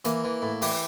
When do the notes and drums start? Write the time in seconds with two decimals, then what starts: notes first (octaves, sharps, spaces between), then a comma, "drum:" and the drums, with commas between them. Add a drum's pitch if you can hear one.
0.05 E3 A#3, drum: hi-hat
0.24 E3
0.42 A2
0.62 E3 G4, drum: open hi-hat